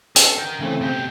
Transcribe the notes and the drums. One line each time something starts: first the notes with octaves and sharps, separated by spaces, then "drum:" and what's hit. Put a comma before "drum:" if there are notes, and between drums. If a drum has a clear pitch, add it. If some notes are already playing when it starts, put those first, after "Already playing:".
A4, drum: hi-hat
A#4 G5
C#3 E3 A3 C4
B2 G4